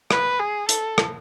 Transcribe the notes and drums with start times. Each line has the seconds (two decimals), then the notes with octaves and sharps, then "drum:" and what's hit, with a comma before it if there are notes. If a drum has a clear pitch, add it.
0.11 B4, drum: rim click
0.39 G#4
0.69 A4, drum: hi-hat
0.98 drum: rim click